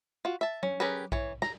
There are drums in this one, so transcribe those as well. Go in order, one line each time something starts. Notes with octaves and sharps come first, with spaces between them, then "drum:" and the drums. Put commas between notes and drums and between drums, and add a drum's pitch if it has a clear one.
F4 F#4
E5 A5
C#4, drum: tom F#3
C#4 G4 G#4 A#4 B4
E3 C#5, drum: kick A#1
A#5, drum: snare